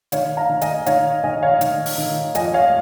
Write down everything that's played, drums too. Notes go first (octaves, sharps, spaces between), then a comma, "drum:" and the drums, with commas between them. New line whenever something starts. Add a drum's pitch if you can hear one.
D#3 C#5 F5, drum: hi-hat
F5 A#5
D#3
D#5 G#5, drum: hi-hat
D#3 C#5 F5, drum: hi-hat
D#3 D#5 G#5
C#5 F5
D#3, drum: hi-hat
drum: open hi-hat
D#3
F2 D#5 G#5, drum: hi-hat
C#5 F5